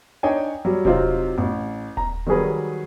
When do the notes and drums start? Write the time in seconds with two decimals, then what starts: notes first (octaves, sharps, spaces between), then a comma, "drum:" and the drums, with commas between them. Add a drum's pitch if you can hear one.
0.23 D4 D#4 C#5 G5 G#5
0.65 F#3 G3
0.85 C3 F#3 C4 D#4 F4, drum: kick D#1
1.38 A1
1.97 A#5, drum: kick D#1
2.26 D#3 F#3 G3 F#4 G#4 B4